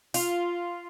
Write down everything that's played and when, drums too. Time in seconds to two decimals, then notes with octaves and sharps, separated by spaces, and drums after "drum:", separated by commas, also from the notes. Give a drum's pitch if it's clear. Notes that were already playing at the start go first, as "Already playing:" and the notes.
0.14 F4, drum: open hi-hat